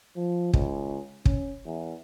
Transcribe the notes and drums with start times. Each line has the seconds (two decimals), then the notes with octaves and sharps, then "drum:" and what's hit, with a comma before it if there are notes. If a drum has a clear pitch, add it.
0.16 F3
0.53 C#2, drum: kick
1.25 C#4, drum: kick
1.66 E2